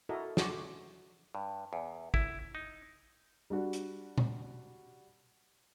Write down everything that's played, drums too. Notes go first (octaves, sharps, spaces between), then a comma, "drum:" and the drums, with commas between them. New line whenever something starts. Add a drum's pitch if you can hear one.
E4 F#4 A4 A#4 D#5
F#4 G#4 D5 C6 C#6, drum: snare
G2
E2
E4, drum: kick
D#4
G3 D4 F#4
drum: hi-hat
drum: tom A#2